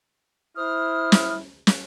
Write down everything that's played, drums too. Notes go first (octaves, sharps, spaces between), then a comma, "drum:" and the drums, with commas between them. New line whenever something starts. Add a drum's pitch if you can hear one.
E4 C5 D#6 F6
drum: snare
drum: snare